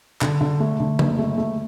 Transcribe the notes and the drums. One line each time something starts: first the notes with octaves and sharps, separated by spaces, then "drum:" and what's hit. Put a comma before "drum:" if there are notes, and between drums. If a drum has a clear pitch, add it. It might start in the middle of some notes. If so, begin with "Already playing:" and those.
D3, drum: clap
D3
A3
D3
F#1, drum: tom C#3
A3
A3